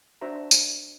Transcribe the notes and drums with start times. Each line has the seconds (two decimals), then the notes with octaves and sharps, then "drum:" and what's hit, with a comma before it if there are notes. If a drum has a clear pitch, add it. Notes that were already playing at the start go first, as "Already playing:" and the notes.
0.21 D4 F#4 C5 E5 A#5
0.51 drum: tambourine